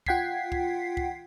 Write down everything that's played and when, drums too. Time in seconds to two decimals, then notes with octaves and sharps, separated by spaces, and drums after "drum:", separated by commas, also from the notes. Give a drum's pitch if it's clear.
0.06 F4 F#5 G5 G#6 B6 C7, drum: kick C2
0.52 drum: kick C2
0.97 drum: kick C2